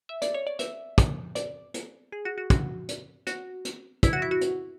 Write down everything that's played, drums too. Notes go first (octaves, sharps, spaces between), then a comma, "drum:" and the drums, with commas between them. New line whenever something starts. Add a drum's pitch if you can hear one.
E5
D5, drum: hi-hat
C#5
D5
E5, drum: hi-hat
drum: kick, hi-hat
D5, drum: hi-hat
drum: hi-hat
G#4
F#4
F#4
F#4, drum: kick, hi-hat
drum: hi-hat
F#4, drum: hi-hat
drum: hi-hat
E4, drum: kick, hi-hat
F#4
E4
F#4
drum: hi-hat